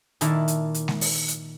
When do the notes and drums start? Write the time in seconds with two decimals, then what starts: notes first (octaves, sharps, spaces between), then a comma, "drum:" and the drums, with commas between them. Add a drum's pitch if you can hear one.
0.21 A#2 D#3 E4 A5, drum: hi-hat
0.48 drum: hi-hat
0.74 drum: hi-hat
0.88 drum: snare G#3
1.01 drum: open hi-hat
1.28 drum: hi-hat